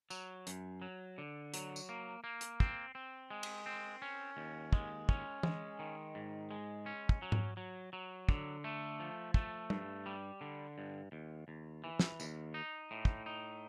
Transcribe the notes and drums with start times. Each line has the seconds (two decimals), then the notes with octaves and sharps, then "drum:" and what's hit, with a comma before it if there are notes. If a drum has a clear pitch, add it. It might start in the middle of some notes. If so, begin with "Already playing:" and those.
0.10 F#3, drum: tambourine
0.47 F#2, drum: hi-hat
0.82 F#3
1.18 D3
1.54 F#3, drum: hi-hat
1.76 drum: tambourine
1.89 A#3
2.24 A#3
2.41 drum: hi-hat
2.60 C4, drum: kick
2.95 C4
3.30 G#3
3.43 drum: cymbal
3.66 C4
4.02 C#4
4.37 D#2
4.73 G#3, drum: kick
5.09 C#4, drum: kick
5.43 G#3, drum: tom E3
5.79 D#3
6.15 G#2
6.51 G#3
6.86 C#4
7.09 drum: kick
7.22 F#3
7.32 drum: tom G#2
7.57 F#3
7.93 F#3
8.29 D3, drum: kick
8.64 A3
9.00 F3
9.34 A3, drum: kick
9.70 G2, drum: tom G3
10.06 G3
10.41 D3
10.78 G2
11.12 D#2
11.48 D#2
11.84 E3
12.00 drum: snare
12.20 D#2, drum: tambourine
12.54 D#4
12.91 A2
13.05 drum: kick
13.26 D#4